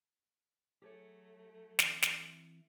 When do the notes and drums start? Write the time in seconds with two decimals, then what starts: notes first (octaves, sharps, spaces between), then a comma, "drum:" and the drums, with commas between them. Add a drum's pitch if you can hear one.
0.82 F#3 A3 G4 G#4 C#5
1.79 E3 C4 E5, drum: snare
2.02 drum: snare